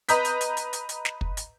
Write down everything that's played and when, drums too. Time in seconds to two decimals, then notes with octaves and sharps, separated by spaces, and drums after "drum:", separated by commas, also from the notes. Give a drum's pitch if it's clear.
0.09 B4 D#5 A#5 D#6 G6 B6, drum: hi-hat
0.25 drum: hi-hat
0.41 drum: hi-hat
0.57 drum: hi-hat
0.73 drum: hi-hat
0.89 drum: hi-hat
1.05 drum: snare
1.21 drum: kick
1.37 drum: hi-hat